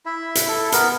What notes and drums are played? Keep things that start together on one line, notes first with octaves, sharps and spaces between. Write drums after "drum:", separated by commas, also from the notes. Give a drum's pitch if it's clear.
E4 E5
drum: hi-hat
E4 A4
B3 A#4, drum: hi-hat